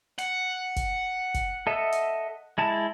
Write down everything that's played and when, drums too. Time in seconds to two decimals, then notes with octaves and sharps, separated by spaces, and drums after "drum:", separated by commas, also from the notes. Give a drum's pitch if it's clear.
0.18 F#5, drum: hi-hat
0.76 drum: kick F#1, hi-hat
1.34 drum: kick F#1, hi-hat
1.67 A4 D#5 E5
1.92 drum: hi-hat
2.58 G#3 E4 A5